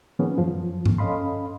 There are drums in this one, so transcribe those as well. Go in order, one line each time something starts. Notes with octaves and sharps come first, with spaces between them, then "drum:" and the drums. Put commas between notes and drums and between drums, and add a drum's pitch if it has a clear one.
D#3 F3 A#3 B3 C#4 G#4
F#2 F3
drum: tom G2
C#4 A4 D#5 F5 B5 C6